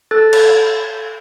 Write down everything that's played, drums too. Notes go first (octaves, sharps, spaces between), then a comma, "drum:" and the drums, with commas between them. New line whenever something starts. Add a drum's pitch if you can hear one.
A4 F#6 A6
drum: cymbal